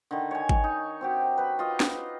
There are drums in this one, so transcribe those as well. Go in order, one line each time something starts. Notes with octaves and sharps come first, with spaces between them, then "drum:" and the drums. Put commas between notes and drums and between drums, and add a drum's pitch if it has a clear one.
D3 D#3
C#5 G#5
drum: kick G#1
D#4
C4 F#4 G4
B4 B5
F4 D#5
drum: snare